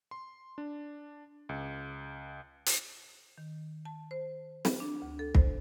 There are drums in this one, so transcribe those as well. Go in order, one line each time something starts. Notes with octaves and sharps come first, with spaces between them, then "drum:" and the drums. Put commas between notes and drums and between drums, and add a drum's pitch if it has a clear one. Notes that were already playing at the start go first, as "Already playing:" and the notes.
C6
D4
C#2
drum: hi-hat
D#3
A5
C5
drum: snare
D4
D2
A4
C5, drum: kick